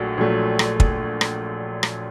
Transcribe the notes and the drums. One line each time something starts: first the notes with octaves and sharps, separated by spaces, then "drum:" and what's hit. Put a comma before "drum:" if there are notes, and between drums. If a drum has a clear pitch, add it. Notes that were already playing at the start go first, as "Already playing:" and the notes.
Already playing: A#1 A#2 F#3 A3 F#4
A#1 A#2 F#3 A3
drum: rim click
drum: kick
drum: rim click
drum: rim click